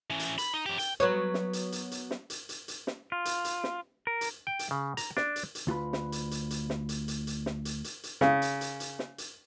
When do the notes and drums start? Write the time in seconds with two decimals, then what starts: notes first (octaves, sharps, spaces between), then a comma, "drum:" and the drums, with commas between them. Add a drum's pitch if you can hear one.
0.10 E3 C#4
0.19 drum: hi-hat
0.38 B5, drum: hi-hat
0.54 D#4
0.66 F#2 G4
0.79 G5, drum: hi-hat
1.00 F#3 B3 C#5
1.34 drum: snare
1.53 drum: hi-hat
1.72 drum: hi-hat
1.92 drum: hi-hat
2.11 drum: snare
2.30 drum: hi-hat
2.49 drum: hi-hat
2.68 drum: hi-hat
2.87 drum: snare
3.12 F4
3.25 drum: hi-hat
3.45 drum: hi-hat
3.64 drum: snare
4.07 A#4
4.21 drum: hi-hat
4.47 G5
4.59 drum: hi-hat
4.71 C#3
4.97 A#5, drum: hi-hat
5.17 D4, drum: snare
5.36 drum: hi-hat
5.55 drum: hi-hat
5.67 D2 F4 B4 B5
5.93 drum: snare
6.12 drum: hi-hat
6.31 drum: hi-hat
6.51 drum: hi-hat
6.70 drum: snare
6.89 drum: hi-hat
7.08 drum: hi-hat
7.27 drum: hi-hat
7.46 drum: snare
7.65 drum: hi-hat
7.84 drum: hi-hat
8.04 drum: hi-hat
8.21 C#3, drum: snare
8.42 drum: hi-hat
8.61 drum: hi-hat
8.80 drum: hi-hat
8.99 drum: snare
9.18 drum: hi-hat